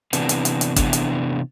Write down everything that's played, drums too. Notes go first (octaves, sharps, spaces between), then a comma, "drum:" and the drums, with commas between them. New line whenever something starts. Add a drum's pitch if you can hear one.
C3 E3 B3 D4, drum: hi-hat
drum: hi-hat
drum: hi-hat
drum: hi-hat
C3 E3 B3 D4, drum: kick G1, hi-hat
drum: hi-hat